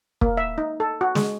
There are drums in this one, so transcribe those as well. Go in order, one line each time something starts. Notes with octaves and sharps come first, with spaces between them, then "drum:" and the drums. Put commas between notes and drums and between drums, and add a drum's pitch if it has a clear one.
A#3, drum: kick
E5
D#4
A4
F#4
G#3, drum: snare